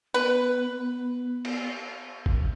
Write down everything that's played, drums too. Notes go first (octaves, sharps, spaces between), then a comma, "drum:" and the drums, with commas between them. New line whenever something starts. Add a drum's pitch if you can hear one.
B3 B4
drum: cymbal
drum: kick